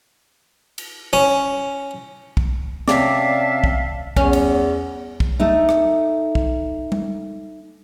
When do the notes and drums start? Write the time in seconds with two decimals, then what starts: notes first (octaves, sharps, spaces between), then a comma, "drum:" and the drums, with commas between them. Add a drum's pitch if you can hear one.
0.78 drum: cymbal
1.13 C#4
2.37 drum: kick
2.88 C3 C#4 D5 E5 F5 A5, drum: snare
3.64 drum: kick
4.16 E2 C#4, drum: kick
4.33 drum: cymbal
5.20 drum: kick
5.40 A3 D#4
5.69 drum: rim click
6.35 drum: kick
6.92 drum: tom G3